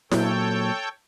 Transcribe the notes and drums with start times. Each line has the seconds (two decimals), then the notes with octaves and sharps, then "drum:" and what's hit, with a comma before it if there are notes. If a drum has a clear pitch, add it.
0.11 A#2 F#3 A4 C#5 G5, drum: snare E4